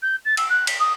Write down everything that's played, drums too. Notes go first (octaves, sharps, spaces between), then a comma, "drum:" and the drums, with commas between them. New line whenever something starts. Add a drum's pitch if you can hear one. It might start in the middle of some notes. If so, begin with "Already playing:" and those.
G6
A6
E6, drum: cymbal
F#6
B6, drum: cymbal
D#6